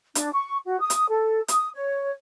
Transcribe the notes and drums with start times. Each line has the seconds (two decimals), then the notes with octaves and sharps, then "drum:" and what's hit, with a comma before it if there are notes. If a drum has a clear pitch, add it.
0.15 D4, drum: hi-hat
0.33 C#6
0.66 F#4
0.80 D#6
0.90 drum: hi-hat
1.10 A4
1.48 D#6, drum: hi-hat
1.75 C#5